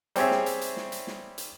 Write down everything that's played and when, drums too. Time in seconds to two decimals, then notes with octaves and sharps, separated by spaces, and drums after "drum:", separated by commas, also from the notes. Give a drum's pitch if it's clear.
0.16 G3 C4 G#4 C#5 E5, drum: hi-hat
0.31 drum: snare
0.46 drum: hi-hat
0.61 drum: hi-hat
0.77 drum: snare
0.92 drum: hi-hat
1.07 drum: snare
1.38 drum: hi-hat